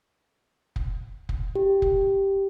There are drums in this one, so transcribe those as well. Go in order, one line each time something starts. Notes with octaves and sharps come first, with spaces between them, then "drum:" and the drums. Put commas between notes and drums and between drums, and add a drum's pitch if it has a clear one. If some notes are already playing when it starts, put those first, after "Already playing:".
drum: kick
drum: kick
G4
drum: kick